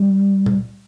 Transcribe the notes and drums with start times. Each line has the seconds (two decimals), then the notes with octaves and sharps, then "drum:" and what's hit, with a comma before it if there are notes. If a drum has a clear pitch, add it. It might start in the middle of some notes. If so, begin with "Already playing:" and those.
Already playing: G3
0.46 drum: tom A#2